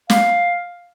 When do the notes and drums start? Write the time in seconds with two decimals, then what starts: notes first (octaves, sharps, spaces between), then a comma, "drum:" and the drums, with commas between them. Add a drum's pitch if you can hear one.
0.10 F5, drum: snare